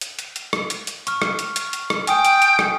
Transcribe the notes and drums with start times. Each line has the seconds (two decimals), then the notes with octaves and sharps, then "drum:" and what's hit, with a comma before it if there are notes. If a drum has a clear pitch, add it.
0.01 drum: hi-hat
0.19 drum: hi-hat
0.36 drum: hi-hat
0.53 drum: rim click
0.70 drum: hi-hat
0.87 drum: hi-hat
1.07 C#6 F6, drum: hi-hat
1.22 drum: rim click
1.39 drum: hi-hat
1.56 drum: hi-hat
1.73 drum: hi-hat
1.90 drum: rim click
2.07 G5 G#5 D#6 D7, drum: hi-hat
2.25 drum: hi-hat
2.42 drum: hi-hat
2.59 drum: rim click